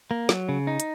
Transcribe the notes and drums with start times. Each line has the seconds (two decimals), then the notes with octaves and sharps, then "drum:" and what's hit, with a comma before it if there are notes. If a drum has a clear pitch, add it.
0.11 A#3
0.29 F#3, drum: snare
0.49 C#3
0.67 D#4
0.80 drum: hi-hat